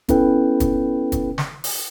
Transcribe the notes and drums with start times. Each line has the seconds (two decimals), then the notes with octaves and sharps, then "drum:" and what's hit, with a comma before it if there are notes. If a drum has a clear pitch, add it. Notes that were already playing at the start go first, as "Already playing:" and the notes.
0.09 B3 C#4 E4 A4 B4 G5, drum: kick, hi-hat
0.60 drum: kick, hi-hat
1.12 drum: kick, hi-hat
1.38 drum: snare
1.64 drum: open hi-hat